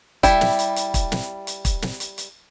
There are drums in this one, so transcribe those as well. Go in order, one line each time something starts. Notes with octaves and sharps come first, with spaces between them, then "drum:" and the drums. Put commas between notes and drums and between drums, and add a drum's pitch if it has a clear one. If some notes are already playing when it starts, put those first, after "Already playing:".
G3 E4, drum: kick, hi-hat
drum: snare
drum: hi-hat
drum: hi-hat
drum: kick, hi-hat
drum: snare
drum: hi-hat
drum: kick, hi-hat
drum: snare
drum: hi-hat
drum: hi-hat